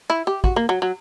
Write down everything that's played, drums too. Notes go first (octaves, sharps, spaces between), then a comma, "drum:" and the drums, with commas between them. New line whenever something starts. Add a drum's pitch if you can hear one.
E4
G4
F#4, drum: kick
A#3
F#3
F#3